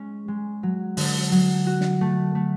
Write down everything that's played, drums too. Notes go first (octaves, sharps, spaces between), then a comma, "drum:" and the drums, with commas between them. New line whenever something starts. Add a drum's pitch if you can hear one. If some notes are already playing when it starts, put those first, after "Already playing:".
Already playing: G#3 C#4
G#3
F#3
D3, drum: open hi-hat
F#3
F#4
drum: snare
A3
A3